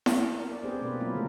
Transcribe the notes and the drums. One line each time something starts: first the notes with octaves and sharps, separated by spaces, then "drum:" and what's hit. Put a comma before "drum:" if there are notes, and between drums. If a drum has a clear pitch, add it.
drum: snare E4
A#4
D5
B3 C4 D4 G4 G#4 C5
B2 A#3 B4
F#3 G#3 B3 C#4 E4 F4
D3 D#3 A3 C4 G#4 A#4